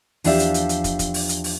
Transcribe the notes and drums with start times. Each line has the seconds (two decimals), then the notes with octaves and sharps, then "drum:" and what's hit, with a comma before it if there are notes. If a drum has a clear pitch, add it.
0.24 E2 F3 D4 G4 E5 F5, drum: open hi-hat
0.39 drum: hi-hat
0.54 drum: hi-hat
0.69 drum: hi-hat
0.84 drum: kick, hi-hat
0.99 drum: kick, hi-hat
1.14 drum: open hi-hat
1.29 drum: hi-hat
1.44 drum: open hi-hat